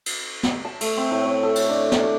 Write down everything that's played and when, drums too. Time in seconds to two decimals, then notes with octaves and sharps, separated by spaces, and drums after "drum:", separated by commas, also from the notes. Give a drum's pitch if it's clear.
0.06 drum: cymbal
0.43 drum: snare
0.65 A5
0.81 A3, drum: cymbal
0.97 C4
1.11 A2
1.26 C#5
1.43 A4
1.55 drum: cymbal
1.69 D4
1.92 D4, drum: snare